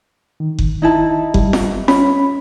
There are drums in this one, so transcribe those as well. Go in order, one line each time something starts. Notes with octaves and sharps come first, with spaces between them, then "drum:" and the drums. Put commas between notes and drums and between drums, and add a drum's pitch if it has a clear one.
D#3
drum: kick F#1
D#4 E4 A5
G3, drum: kick F#1
drum: snare F4
C#4 B5, drum: snare F4